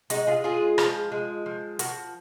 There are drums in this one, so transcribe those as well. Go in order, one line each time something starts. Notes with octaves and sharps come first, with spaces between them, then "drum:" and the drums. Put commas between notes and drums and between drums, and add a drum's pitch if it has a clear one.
G#3 D#4 F#4, drum: hi-hat
F4 G#4
G#3 F4 G#4
F3, drum: rim click
G#3
F3
F3 F#4 A#4, drum: hi-hat